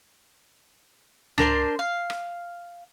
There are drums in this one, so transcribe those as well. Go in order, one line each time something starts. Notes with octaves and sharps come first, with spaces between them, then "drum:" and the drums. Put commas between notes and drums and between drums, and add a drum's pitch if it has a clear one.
D4 A#4 C5 C6, drum: tom C#2
F5
drum: rim click